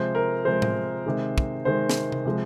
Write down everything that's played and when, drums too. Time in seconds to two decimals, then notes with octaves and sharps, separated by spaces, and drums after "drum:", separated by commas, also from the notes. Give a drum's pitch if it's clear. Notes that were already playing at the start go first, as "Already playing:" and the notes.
Already playing: C3 F3 G#3 C5
0.15 A#4
0.45 C3 F3 G#3 C5
0.62 drum: tom A2
1.06 C3 D#3 G#3
1.38 drum: kick
1.65 C3 D#3 G#3 C5
1.89 drum: snare
2.12 drum: tom C3
2.25 C3 F3 G#3